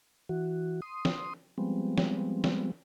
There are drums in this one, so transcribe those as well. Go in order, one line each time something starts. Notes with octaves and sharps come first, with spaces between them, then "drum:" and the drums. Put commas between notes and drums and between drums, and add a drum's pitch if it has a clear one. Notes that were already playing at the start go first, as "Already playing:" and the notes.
E3 F#4
C6 D#6
drum: snare
F3 G3 G#3 B3 C4
drum: snare
drum: snare